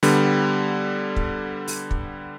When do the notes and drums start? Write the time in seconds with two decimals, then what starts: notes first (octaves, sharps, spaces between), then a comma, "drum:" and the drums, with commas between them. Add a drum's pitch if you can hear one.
0.03 D3 G3 B3, drum: open hi-hat
1.16 drum: kick
1.68 drum: open hi-hat
1.91 drum: kick